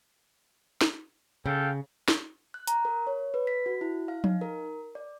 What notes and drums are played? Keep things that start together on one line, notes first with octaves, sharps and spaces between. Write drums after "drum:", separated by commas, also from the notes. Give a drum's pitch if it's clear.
drum: snare
C#3 A4 F5 G5
drum: snare
F#6
A#5, drum: hi-hat
A#4
C#5
B4
B6
F#4
E4
F5
D#4, drum: tom F3
A#4
D5